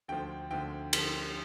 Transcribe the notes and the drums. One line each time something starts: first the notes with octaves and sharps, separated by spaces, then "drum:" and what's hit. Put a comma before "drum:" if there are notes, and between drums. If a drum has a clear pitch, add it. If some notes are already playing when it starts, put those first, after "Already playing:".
D2 D3 F3 G5
D2 D3 F3 G5
D2 D3 F3, drum: cymbal